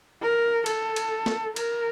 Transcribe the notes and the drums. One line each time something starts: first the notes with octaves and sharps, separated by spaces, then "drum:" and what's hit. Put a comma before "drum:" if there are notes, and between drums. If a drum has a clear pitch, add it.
A#4
A4, drum: cymbal
drum: cymbal
drum: snare
A#4, drum: cymbal